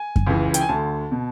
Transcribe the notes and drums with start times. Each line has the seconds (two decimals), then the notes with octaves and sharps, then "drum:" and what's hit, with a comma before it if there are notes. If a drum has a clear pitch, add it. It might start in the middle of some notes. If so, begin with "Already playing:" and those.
Already playing: G#5
0.16 drum: kick F#2
0.26 C#2 C#3 E3
0.54 G5, drum: hi-hat
0.61 G#5
0.69 D2 D3 A5
1.11 B2